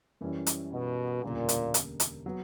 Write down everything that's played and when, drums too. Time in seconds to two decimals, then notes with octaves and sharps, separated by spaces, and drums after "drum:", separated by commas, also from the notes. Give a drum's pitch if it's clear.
0.21 F#2 E3 G3 C#4 E4
0.46 drum: hi-hat
0.73 B2
1.23 E1 D2 A#2 C#3 G3 A#3
1.49 drum: hi-hat
1.74 drum: hi-hat
2.00 drum: hi-hat
2.26 F#3 B3